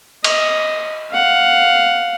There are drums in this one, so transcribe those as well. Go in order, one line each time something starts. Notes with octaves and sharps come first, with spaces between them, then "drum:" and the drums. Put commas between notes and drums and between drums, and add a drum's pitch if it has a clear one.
D#5, drum: cymbal
F5 F#5